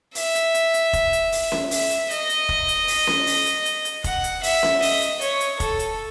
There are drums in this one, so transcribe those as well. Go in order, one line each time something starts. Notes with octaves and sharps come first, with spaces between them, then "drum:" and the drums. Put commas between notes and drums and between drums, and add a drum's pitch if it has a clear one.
E5, drum: open hi-hat
drum: hi-hat
drum: hi-hat
drum: hi-hat
drum: kick F1, hi-hat
drum: hi-hat
drum: open hi-hat
drum: snare C#4
E5, drum: open hi-hat
drum: hi-hat
D#5, drum: hi-hat
drum: hi-hat
drum: kick F1
drum: hi-hat
drum: open hi-hat
drum: snare C#4
drum: open hi-hat
drum: hi-hat
drum: hi-hat
drum: hi-hat
F#5, drum: kick F1, hi-hat
drum: hi-hat
E5, drum: open hi-hat
drum: snare C#4
D#5, drum: open hi-hat
drum: hi-hat
C#5, drum: hi-hat
drum: hi-hat
A4, drum: kick F1, hi-hat
drum: hi-hat